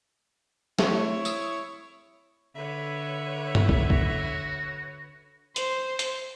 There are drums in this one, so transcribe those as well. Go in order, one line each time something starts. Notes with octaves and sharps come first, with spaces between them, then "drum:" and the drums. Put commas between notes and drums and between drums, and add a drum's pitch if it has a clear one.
A3 C4 E4 C#5, drum: snare
D#6 E6, drum: tambourine
D3 B4 C#5 E5
drum: tom G2
drum: kick
F#4, drum: kick
C5, drum: hi-hat
drum: hi-hat